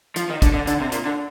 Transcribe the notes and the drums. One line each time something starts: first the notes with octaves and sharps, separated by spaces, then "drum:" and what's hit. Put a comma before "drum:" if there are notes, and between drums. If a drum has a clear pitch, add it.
F3, drum: hi-hat
D#3
D3, drum: kick, hi-hat
D3
D3, drum: hi-hat
C3
A#2, drum: hi-hat
D3